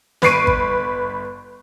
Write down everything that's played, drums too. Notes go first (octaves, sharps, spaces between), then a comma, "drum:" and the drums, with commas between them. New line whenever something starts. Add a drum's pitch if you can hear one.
G1 B4 C#6 C7 D7 D#7, drum: snare
drum: kick G#1